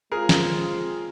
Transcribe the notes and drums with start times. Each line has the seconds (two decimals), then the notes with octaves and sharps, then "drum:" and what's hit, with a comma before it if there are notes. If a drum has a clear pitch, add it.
0.12 G#3 C4 F4 G#4 A#4
0.29 drum: snare